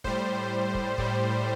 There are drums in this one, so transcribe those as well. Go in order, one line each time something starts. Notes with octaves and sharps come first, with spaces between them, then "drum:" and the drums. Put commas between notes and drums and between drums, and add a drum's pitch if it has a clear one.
A2 G3 C5, drum: kick
drum: kick
A2 G3, drum: kick